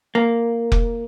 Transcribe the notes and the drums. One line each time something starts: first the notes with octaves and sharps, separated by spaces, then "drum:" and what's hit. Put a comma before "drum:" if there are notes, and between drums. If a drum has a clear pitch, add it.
A#3
drum: kick F1